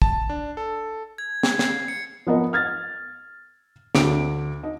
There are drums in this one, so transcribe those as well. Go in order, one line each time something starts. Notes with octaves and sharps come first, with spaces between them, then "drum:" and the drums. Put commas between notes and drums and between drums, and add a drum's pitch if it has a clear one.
A5, drum: kick
D4
A4
G#6
G#6, drum: snare
C7, drum: snare
C#7
F3 B3 A#4 D#5
F6 G#6 A6
D2 D6 D7, drum: snare
D#4